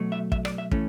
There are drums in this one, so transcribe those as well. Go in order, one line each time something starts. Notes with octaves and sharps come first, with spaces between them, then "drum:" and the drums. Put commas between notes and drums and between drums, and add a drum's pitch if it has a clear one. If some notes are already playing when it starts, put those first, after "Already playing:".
Already playing: B2 F#3 A3
E5
E5, drum: kick
D5, drum: rim click
E5
E3 A3 C#4, drum: kick